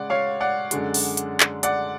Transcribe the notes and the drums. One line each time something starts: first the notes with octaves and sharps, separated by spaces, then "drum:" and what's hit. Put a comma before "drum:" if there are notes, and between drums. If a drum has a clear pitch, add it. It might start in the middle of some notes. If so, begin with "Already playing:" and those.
Already playing: C#3 G#3 D5 F#5
C#5 F5
D5 F#5
F#2 D3 G#3, drum: hi-hat
drum: open hi-hat
drum: hi-hat
drum: clap
D5 F#5, drum: hi-hat